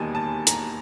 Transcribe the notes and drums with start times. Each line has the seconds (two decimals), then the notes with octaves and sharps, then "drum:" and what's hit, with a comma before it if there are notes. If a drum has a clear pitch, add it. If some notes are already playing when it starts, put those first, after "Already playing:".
Already playing: E1 D#2 D#3 G3 B3 G#5 A5
0.15 A5
0.47 A#5, drum: hi-hat